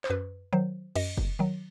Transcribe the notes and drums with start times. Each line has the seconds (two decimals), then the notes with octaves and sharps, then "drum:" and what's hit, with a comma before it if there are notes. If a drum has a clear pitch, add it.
0.04 C5, drum: clap
0.10 F#2 B4
0.53 D#3 F#3 C5
0.96 F#2 D#5, drum: cymbal
1.17 drum: kick F1
1.39 D#3 F#3